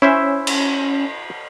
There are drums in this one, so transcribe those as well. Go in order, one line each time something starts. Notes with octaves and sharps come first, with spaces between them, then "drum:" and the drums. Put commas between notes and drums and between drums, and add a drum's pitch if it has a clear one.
C#4 E4 C5 E5
drum: cymbal